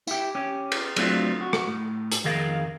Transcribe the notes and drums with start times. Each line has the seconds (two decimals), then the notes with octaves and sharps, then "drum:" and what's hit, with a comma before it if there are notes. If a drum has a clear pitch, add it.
0.07 E4 G4, drum: tambourine
0.35 C#4 G4
0.72 drum: cymbal
0.96 F#3 A3 C4 D4 F4, drum: cymbal
1.41 F#4
1.53 drum: rim click
1.67 A2
2.12 drum: hi-hat
2.24 F2 D#3 G#4 A#4 F5